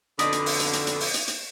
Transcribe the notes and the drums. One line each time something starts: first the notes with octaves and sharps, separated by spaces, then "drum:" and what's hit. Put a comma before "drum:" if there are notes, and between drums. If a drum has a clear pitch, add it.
F2 B2 D3 D5 D#5 B5, drum: hi-hat
drum: hi-hat
drum: open hi-hat
drum: hi-hat
drum: hi-hat
drum: hi-hat
drum: open hi-hat
drum: hi-hat
drum: hi-hat